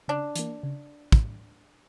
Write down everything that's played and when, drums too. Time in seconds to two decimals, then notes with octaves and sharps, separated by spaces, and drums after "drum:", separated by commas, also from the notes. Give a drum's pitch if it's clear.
0.08 C#3 D4
0.36 E3 A#3, drum: hi-hat
0.63 C#3
1.12 drum: kick